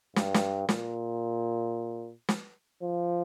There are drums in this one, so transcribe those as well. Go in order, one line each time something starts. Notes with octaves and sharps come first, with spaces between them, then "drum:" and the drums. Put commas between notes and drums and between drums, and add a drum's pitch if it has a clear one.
G2, drum: snare
drum: snare
A#2, drum: snare
drum: snare
F3